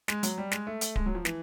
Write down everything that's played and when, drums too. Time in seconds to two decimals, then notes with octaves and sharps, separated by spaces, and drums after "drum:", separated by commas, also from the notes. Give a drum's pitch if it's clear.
0.08 G#3, drum: snare
0.23 F#3, drum: hi-hat
0.38 G3
0.51 G#3, drum: snare
0.67 A3
0.81 drum: hi-hat
0.96 G#3, drum: kick D1
1.06 F#3
1.15 F3
1.25 E3, drum: snare